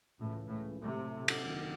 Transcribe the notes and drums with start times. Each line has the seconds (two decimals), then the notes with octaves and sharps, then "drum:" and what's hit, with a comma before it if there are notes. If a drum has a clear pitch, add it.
0.19 C#2 A2 C#3 E3
0.49 A2
0.81 A2 C3 F#3 A3
1.28 drum: cymbal
1.42 F#1 E2 D#3